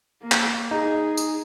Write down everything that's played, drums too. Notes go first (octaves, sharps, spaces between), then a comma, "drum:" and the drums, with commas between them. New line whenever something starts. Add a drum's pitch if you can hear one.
A#3
drum: clap
D#4 G#4
drum: tambourine